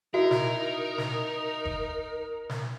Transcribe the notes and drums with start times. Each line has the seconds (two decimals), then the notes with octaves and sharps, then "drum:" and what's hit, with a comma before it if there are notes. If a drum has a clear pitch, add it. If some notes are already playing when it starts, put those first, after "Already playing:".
0.14 D#4 E4 F#4 A#4
0.31 drum: snare
0.98 drum: snare
1.65 drum: kick F1
2.49 drum: snare